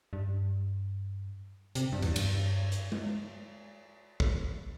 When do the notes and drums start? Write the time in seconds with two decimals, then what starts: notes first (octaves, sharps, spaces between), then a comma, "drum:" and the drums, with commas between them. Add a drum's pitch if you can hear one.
0.13 G2
1.75 C3, drum: hi-hat
1.92 G2
2.02 E2, drum: cymbal
2.16 G2, drum: cymbal
2.72 drum: hi-hat
2.92 drum: tom G#3
4.20 drum: kick